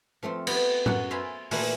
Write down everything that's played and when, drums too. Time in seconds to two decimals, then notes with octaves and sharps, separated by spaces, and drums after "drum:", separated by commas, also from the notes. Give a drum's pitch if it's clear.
0.23 F3 A3 C4 F4
0.47 B3 G4, drum: cymbal
0.86 F#2 F#4 F#5, drum: tom A2
1.11 C5 E5 F5 G#5 A#5 B5
1.51 A#2 E3 A3 B4 F5, drum: open hi-hat